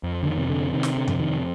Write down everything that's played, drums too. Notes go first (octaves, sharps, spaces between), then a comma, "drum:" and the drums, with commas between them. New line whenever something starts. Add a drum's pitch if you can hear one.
F2
D3
D#3
C3
D3
C3 D#3
drum: snare
D3
F2, drum: tom F2
D#3